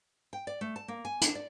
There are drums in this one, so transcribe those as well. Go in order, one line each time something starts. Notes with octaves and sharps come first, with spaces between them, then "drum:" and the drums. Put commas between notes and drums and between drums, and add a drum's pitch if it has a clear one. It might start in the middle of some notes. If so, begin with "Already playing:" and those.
G5
D5
A3
A5
A#3
G#5
D4, drum: hi-hat
D5